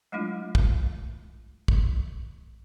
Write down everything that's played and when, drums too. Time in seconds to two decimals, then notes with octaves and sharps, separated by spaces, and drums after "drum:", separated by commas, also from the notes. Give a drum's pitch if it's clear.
0.12 F#3 G#3 A3 D4 E4 F4
0.55 drum: kick
1.68 drum: kick